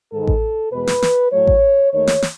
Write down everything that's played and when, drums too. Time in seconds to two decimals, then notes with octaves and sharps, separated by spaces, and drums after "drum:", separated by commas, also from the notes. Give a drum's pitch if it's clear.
0.12 G#2 D#3 G#3 A4
0.27 drum: kick A1
0.72 E2 B2 G#3 B4
0.87 drum: snare
1.02 drum: snare
1.32 A2 F#3 A3 C#5
1.47 drum: kick A1
1.92 D#2 D#3 A3 C#5
2.07 drum: snare
2.22 drum: snare